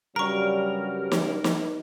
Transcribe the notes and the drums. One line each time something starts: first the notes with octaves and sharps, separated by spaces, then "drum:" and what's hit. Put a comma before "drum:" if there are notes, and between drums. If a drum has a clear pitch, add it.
G2 C#3 F#3 G3 A#4 A#5 C#6
drum: snare
drum: snare